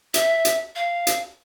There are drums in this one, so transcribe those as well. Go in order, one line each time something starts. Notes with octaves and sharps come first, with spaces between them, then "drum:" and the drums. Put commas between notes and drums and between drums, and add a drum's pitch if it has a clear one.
E5, drum: hi-hat
drum: hi-hat
F5
drum: hi-hat